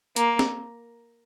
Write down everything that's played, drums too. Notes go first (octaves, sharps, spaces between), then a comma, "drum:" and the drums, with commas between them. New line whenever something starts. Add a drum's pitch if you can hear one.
A#3, drum: hi-hat
drum: snare C4